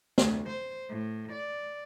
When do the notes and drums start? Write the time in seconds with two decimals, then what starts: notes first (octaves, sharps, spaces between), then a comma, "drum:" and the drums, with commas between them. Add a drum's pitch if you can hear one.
0.18 D2, drum: snare
0.49 C5
0.90 A2
1.32 D5